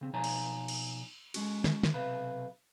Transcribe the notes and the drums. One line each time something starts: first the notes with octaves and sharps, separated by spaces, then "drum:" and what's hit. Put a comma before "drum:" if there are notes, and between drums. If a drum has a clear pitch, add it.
C#3 C4
B2 F3 D#4 C#5 G#5 A#5
drum: cymbal
drum: cymbal
G#3 C#4 F#4, drum: cymbal
drum: snare
drum: snare
B1 C3 B4 F5 B5